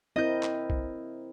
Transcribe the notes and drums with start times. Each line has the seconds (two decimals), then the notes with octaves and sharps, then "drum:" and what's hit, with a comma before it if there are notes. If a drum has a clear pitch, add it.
0.16 C4 E4 A#4 D#5 G6
0.43 drum: clap
0.70 drum: kick B1